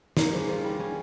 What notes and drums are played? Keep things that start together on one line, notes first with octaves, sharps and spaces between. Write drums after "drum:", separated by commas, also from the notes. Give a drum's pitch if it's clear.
A#3 A#4 C#5, drum: snare
G2 G#4 C5
F4 G#4 C5
G3
C#4